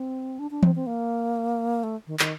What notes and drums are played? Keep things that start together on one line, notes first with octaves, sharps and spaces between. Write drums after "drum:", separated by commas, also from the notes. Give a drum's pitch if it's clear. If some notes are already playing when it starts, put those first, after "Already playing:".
Already playing: C4
D4
D4
C4, drum: tom E3
C4
A#3
A3
D#3
D#3, drum: clap